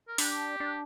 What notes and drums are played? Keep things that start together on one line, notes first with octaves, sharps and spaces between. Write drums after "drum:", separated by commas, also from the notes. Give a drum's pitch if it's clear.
A#4
D4 G4, drum: open hi-hat
D4